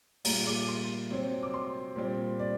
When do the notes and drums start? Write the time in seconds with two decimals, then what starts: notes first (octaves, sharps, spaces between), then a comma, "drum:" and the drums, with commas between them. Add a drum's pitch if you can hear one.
0.24 A#2 G3 A#3 A#5, drum: open hi-hat
0.47 D6
0.68 C6
1.11 C3 F#3 C4
1.43 D6
1.54 C6
1.96 A#2 G3 C4
2.39 D5